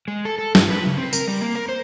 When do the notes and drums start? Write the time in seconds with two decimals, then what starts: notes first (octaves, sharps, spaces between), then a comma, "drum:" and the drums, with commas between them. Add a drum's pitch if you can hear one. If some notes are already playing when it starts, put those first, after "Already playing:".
0.08 G#3
0.25 A4
0.39 A4
0.55 G2, drum: snare
0.70 B4
0.86 C#3
0.98 C4
1.13 A#4, drum: tambourine
1.28 G3
1.41 A#3
1.55 A#4
1.69 C5